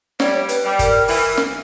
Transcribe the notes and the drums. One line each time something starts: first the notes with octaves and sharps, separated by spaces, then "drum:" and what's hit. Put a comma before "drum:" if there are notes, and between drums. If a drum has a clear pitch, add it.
G3 C#5, drum: snare
B4, drum: hi-hat
G3
A#4, drum: kick F#1, hi-hat
E3, drum: open hi-hat
drum: snare